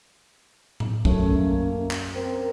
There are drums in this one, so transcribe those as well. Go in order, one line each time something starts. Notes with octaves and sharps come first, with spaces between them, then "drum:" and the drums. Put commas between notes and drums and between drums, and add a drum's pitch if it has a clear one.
drum: tom A2
F#2 A3 C#4, drum: kick
A#3
drum: clap
C4 A#4